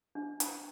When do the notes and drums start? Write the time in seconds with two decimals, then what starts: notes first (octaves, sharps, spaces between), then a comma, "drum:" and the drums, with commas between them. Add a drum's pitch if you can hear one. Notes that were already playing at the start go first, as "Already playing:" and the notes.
0.15 D4
0.40 drum: hi-hat